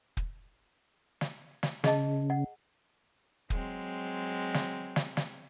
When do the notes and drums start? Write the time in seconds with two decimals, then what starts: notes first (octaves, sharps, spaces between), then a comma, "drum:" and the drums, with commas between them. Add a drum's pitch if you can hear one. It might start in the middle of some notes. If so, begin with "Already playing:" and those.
0.17 drum: kick
1.21 drum: snare
1.63 drum: snare
1.84 C#3 G#4 D#5 A5, drum: snare
2.30 F#5
3.50 F#3 G#3 C4, drum: kick
4.54 drum: snare
4.96 drum: snare
5.17 drum: snare